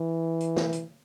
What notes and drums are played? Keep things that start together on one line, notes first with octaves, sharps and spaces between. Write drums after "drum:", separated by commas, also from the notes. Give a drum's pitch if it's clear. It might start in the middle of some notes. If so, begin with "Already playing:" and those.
Already playing: E3
drum: hi-hat
drum: snare
drum: hi-hat